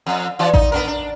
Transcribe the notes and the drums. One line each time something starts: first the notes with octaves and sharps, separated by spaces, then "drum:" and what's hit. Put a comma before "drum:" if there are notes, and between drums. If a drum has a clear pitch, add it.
F2
E3 F#4 D5
D#4, drum: kick A1
B3 D4 A#4
D4